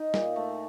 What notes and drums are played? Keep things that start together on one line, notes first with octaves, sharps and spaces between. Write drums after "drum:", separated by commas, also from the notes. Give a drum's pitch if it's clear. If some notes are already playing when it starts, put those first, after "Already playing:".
Already playing: D#4
A#2, drum: snare
A3